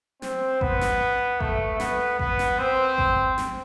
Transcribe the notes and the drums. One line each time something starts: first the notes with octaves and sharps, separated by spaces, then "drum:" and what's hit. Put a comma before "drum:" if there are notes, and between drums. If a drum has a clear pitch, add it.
C4, drum: snare
B3, drum: kick G#1
drum: snare
A3, drum: kick G#1
B3, drum: snare
B3, drum: kick G#1
drum: snare
C4
drum: kick G#1
drum: snare